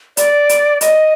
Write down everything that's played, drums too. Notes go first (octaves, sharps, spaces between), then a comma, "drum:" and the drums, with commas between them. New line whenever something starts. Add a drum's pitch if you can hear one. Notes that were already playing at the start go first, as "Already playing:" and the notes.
D5, drum: hi-hat
drum: hi-hat
D#5, drum: hi-hat